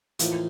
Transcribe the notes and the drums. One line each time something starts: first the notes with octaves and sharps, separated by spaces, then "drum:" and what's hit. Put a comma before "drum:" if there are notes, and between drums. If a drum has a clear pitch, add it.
A2 E3 F3 A#3 D#4, drum: hi-hat